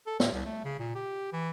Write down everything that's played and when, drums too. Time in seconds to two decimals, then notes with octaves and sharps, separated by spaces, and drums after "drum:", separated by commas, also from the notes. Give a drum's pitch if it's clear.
0.06 A4
0.20 A2, drum: snare
0.32 C2
0.46 A3
0.64 C#3
0.79 A#2
0.95 G4
1.33 E3